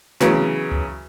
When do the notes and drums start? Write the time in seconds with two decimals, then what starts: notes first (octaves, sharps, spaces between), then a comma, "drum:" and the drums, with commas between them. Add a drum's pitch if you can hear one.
0.20 C#3 E3 F#3 B3 C#4, drum: snare
0.72 drum: tom C#2